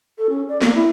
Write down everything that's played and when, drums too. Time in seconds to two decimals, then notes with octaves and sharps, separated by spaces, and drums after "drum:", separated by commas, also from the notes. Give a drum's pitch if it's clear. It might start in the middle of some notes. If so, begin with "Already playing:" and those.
0.18 A4
0.30 C#4
0.48 D5
0.62 A#3, drum: snare
0.75 E4